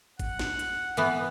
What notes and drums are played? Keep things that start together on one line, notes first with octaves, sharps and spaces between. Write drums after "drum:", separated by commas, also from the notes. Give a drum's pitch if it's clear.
F#5, drum: kick, hi-hat
drum: snare
drum: hi-hat
E3 B3, drum: hi-hat